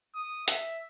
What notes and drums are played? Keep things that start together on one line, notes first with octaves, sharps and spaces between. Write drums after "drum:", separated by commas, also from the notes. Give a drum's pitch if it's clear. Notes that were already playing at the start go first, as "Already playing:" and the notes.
D#6
E5, drum: hi-hat